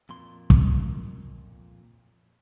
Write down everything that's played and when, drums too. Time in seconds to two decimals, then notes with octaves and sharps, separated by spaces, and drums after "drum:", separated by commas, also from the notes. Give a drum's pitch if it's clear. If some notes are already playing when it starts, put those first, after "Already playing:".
0.09 F2 A#2 C6
0.50 drum: kick